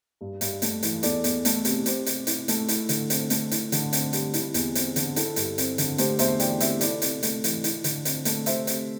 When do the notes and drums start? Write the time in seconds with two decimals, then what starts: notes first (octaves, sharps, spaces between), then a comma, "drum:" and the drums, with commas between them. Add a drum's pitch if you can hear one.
0.21 G2
0.41 G2, drum: hi-hat
0.62 A3, drum: hi-hat
0.83 E3, drum: hi-hat
1.03 E2 A4 D5, drum: hi-hat
1.24 E2, drum: hi-hat
1.45 A3, drum: hi-hat
1.65 C3, drum: hi-hat
1.86 C3 G4 C5, drum: hi-hat
2.06 C3, drum: hi-hat
2.27 E4, drum: hi-hat
2.48 A3, drum: hi-hat
2.68 E4 A4, drum: hi-hat
2.89 D3, drum: hi-hat
3.10 C4, drum: hi-hat
3.30 A3, drum: hi-hat
3.51 E4, drum: hi-hat
3.72 D3, drum: hi-hat
3.93 C4, drum: hi-hat
4.13 G3, drum: hi-hat
4.34 E4, drum: hi-hat
4.54 E2, drum: hi-hat
4.75 C4, drum: hi-hat
4.96 D3, drum: hi-hat
5.16 E4 A4, drum: hi-hat
5.36 G2, drum: hi-hat
5.58 C4, drum: hi-hat
5.78 D3, drum: hi-hat
5.98 A3 G4 C5, drum: hi-hat
6.19 E2 C5 E5, drum: hi-hat
6.40 E3 D5 G5, drum: hi-hat
6.60 C3 C5 E5, drum: hi-hat
6.81 E4 A4 D5, drum: hi-hat
7.02 C3, drum: hi-hat
7.23 A3, drum: hi-hat
7.44 E3, drum: hi-hat
7.64 E4, drum: hi-hat
7.84 D3, drum: hi-hat
8.05 C4, drum: hi-hat
8.25 A3, drum: hi-hat
8.46 C3 C5 E5, drum: hi-hat
8.67 C3, drum: hi-hat